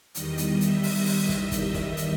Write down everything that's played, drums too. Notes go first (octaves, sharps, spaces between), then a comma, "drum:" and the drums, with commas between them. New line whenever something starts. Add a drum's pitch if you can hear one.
E2 D#3 G3 D#5, drum: hi-hat
drum: hi-hat
E5, drum: hi-hat
drum: open hi-hat
E5, drum: open hi-hat
drum: snare
drum: kick, hi-hat
drum: snare
drum: hi-hat